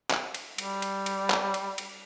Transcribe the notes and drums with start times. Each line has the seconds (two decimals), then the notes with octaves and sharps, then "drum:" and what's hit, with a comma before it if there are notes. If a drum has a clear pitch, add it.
0.11 drum: clap
0.34 drum: cymbal
0.58 G3, drum: cymbal
0.82 drum: cymbal
1.06 drum: cymbal
1.30 drum: clap
1.54 drum: cymbal
1.78 drum: cymbal